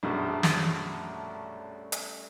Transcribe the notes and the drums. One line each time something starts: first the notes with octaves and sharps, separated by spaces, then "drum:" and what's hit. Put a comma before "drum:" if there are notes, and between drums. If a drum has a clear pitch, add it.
A#1 F#2 B2 G3 A3 C#4
drum: snare
drum: hi-hat